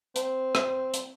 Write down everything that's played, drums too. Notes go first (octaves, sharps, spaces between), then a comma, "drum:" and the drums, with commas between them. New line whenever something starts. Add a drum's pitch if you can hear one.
C4, drum: hi-hat
drum: rim click
drum: hi-hat